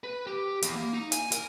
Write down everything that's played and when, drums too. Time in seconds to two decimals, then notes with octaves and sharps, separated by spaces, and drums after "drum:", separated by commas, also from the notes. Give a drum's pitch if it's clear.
0.04 B4
0.27 G4
0.62 E2, drum: hi-hat
0.75 A#3
0.93 D#4
1.12 G#5, drum: hi-hat
1.32 A#4, drum: hi-hat